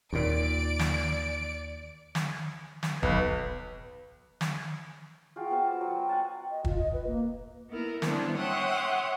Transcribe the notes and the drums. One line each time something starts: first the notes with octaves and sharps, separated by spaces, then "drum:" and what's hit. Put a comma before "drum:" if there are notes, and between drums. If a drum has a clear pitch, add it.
D#2 A#2 D5 D7
drum: snare
drum: snare
drum: snare
B1 B4, drum: kick
drum: snare
F4 F#4 G#4 G5
B3 F#4 C5 F5
A5 D6
F#3
G5
F#5 G#5 A5
D#5
F4, drum: kick
D#5
B4
A#3
B3 E4 A#4
G3 B3 C4 D4 E4, drum: snare
C#5 E5 F#5 G5 C6 D#6